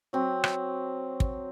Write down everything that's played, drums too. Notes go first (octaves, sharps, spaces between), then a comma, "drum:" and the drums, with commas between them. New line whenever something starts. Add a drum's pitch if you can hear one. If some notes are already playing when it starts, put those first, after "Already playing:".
F#3 C4
drum: rim click
drum: kick